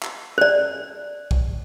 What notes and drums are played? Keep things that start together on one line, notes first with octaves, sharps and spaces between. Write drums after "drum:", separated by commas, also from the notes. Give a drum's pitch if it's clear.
drum: clap
C5 D5
drum: kick